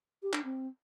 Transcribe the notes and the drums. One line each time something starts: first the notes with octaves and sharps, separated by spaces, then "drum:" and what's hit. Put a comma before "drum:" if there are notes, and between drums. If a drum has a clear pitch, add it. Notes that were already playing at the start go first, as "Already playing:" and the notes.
G4
D4, drum: clap
C4